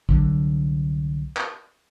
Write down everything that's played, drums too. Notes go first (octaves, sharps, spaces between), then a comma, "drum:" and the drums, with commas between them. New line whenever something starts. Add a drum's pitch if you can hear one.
C2 D3 F#3, drum: kick
drum: clap